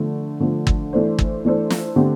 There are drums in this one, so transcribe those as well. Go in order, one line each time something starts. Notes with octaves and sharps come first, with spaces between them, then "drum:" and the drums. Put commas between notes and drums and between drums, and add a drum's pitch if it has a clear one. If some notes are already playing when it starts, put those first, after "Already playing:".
Already playing: D3 F3 A3
D3 F3 A3
drum: kick G1
E3 A3 D4 A4 C5
drum: kick G1
E3 A3 D4 A4 C5
drum: snare
D3 A3 C4 G4